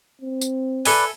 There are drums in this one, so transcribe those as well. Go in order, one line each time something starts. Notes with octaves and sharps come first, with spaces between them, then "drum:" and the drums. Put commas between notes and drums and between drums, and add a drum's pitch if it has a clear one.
C4
drum: tambourine
A4 B4 D5 E5 G#5, drum: open hi-hat